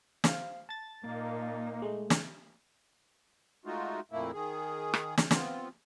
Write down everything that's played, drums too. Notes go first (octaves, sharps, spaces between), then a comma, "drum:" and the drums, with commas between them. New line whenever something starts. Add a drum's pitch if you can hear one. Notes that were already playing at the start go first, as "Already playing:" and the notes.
C5 F5, drum: snare
A5 A6
A#2 A#3 D#4
G#3 A3
drum: snare
G#3 A3 D#4 F4 F#4
F2 A#2 A3 A#3 E4
D#3 G#4
drum: rim click
drum: snare
B3 C4 F4, drum: snare